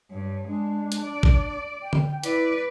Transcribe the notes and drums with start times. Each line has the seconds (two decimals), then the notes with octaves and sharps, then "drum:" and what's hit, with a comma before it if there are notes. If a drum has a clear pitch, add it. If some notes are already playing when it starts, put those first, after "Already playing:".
0.11 G2 C#5
0.48 G#3 D4
0.92 drum: hi-hat
1.03 D5
1.23 drum: kick
1.83 G5
1.93 drum: tom D3
2.24 E4 B4 D5, drum: hi-hat